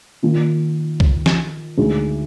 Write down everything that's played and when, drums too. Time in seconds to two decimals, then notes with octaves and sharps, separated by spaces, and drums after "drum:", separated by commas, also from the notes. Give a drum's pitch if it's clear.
0.23 D#3 A#3 F4
1.00 drum: kick
1.26 drum: snare
1.77 D2 D3 G#3 D#4 G#4